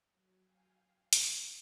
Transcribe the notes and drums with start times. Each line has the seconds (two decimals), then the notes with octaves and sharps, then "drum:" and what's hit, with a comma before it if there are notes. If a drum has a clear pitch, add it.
0.12 F#3
0.43 F5 G5 G#5
0.74 F5
1.13 D#3, drum: hi-hat